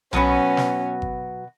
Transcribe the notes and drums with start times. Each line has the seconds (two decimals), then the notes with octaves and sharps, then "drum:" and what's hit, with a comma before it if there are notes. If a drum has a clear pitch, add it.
0.13 B2 F#3 B3 C#4 F#4 B4, drum: tom B1
0.57 drum: snare
1.02 drum: kick G1